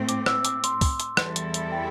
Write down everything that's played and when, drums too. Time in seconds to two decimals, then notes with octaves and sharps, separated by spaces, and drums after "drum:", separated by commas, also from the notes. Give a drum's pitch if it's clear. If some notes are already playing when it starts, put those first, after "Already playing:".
Already playing: A2 A3 C4
0.09 D6, drum: hi-hat
0.26 E6, drum: rim click
0.45 D6, drum: hi-hat
0.64 C6, drum: hi-hat
0.81 drum: kick, open hi-hat
1.00 drum: hi-hat
1.17 E2 E3 G3 E4 A4, drum: rim click
1.36 drum: hi-hat
1.54 drum: hi-hat
1.72 G5